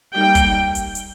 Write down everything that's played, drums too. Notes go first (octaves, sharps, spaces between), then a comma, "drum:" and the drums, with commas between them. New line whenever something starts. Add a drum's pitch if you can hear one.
G3 A#3 D#4 G5
drum: kick, hi-hat
drum: hi-hat
drum: hi-hat